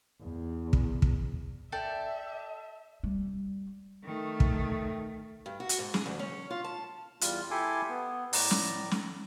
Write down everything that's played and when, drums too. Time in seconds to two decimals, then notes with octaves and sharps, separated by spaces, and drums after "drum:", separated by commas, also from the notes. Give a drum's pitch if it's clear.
0.22 E2
0.73 drum: kick
1.02 drum: kick
1.72 A4 D5 E5 G5
3.03 G3
4.04 D#3 A3
4.40 drum: kick
5.46 G2
5.60 F#4
5.69 drum: hi-hat
5.79 G#2
5.94 G#4, drum: snare
6.06 D2
6.19 C#4
6.50 F4
6.64 A5
7.21 E2 G3 F4, drum: hi-hat
7.51 E4 G4 A4 G#5 C6 D6
7.89 B3
8.33 A2 D5 A#5, drum: open hi-hat
8.51 drum: snare
8.91 drum: snare